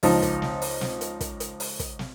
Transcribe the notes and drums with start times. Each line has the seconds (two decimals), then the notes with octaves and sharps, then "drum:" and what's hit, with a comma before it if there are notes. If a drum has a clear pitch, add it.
0.03 C#2 F3 D#4 A5, drum: open hi-hat
0.22 drum: kick, hi-hat
0.42 drum: snare
0.62 drum: open hi-hat
0.81 drum: snare
1.01 drum: hi-hat
1.21 drum: kick, hi-hat
1.40 drum: hi-hat
1.60 drum: open hi-hat
1.79 drum: kick, hi-hat
1.99 drum: snare